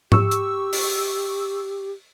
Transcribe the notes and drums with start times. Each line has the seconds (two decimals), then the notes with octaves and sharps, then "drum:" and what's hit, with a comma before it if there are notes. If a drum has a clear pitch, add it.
0.12 G4 C#6 E6, drum: tom G#2
0.31 drum: hi-hat
0.73 drum: open hi-hat